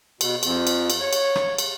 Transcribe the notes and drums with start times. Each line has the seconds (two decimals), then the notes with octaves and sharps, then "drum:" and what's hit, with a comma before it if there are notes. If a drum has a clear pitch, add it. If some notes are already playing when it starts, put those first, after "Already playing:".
0.21 B2, drum: cymbal
0.43 F2, drum: cymbal
0.67 drum: cymbal
0.90 drum: cymbal
1.00 C#5
1.13 drum: cymbal
1.36 drum: rim click
1.58 drum: cymbal